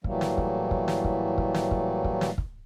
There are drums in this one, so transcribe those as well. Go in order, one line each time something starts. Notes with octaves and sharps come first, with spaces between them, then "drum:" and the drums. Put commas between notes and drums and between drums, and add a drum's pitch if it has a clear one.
A2 E3 F#3 G3 A3 A#3, drum: kick
drum: snare
drum: kick
drum: kick
drum: snare
drum: kick
drum: kick
drum: snare
drum: kick
drum: kick
drum: snare
drum: kick